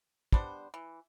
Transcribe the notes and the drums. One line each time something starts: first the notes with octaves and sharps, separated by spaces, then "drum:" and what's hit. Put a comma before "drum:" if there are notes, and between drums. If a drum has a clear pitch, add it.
G3 B3 D4 C5, drum: kick
E3